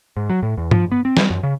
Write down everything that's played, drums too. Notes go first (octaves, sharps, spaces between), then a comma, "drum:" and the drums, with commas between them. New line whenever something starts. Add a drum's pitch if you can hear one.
G#2
F#3
A2
E2
F3, drum: tom
B3
C4
G3, drum: snare
F#2
C#3